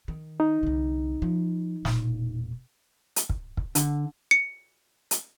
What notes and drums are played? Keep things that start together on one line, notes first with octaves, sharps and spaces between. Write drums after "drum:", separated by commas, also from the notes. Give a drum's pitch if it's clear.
D#3
D#4
C2 D3
F3
E1 A#2, drum: snare
drum: hi-hat
drum: kick
drum: kick
D3, drum: hi-hat
C#7
drum: hi-hat